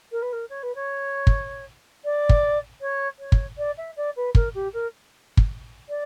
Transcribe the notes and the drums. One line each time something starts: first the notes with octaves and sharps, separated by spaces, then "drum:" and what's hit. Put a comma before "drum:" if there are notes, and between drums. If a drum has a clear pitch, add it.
A#4
B4
A#4
C#5
B4
C#5
drum: kick
D5
drum: kick
C#5
C#5
drum: kick
D5
E5
D5
B4
A#4, drum: kick
G4
A#4
drum: kick
D5